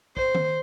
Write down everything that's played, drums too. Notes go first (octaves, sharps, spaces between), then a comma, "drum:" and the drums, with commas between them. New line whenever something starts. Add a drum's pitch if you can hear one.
C5, drum: kick
drum: tom D#3